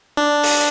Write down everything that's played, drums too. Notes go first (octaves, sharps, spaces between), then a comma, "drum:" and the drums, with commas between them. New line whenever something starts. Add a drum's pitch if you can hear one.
D4
drum: open hi-hat